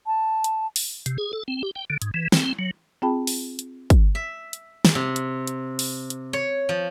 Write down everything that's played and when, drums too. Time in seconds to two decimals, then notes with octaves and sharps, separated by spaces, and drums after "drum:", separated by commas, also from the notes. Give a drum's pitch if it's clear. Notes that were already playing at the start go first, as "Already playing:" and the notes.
0.07 A5
0.44 drum: hi-hat
0.76 drum: open hi-hat
1.06 C3, drum: hi-hat
1.18 G#4
1.33 A4
1.48 C4
1.63 G4
1.76 G5
1.90 D3
2.02 G#2, drum: hi-hat
2.14 E3
2.32 C4, drum: snare
2.59 F#3
3.02 C4 F4 G#4 G5 A5 B5
3.27 drum: open hi-hat
3.59 drum: hi-hat
3.90 drum: kick, hi-hat
4.15 E5
4.53 drum: hi-hat
4.85 drum: snare
4.95 C3
5.16 drum: hi-hat
5.47 drum: hi-hat
5.79 drum: open hi-hat
6.10 drum: hi-hat
6.33 C#5
6.69 F3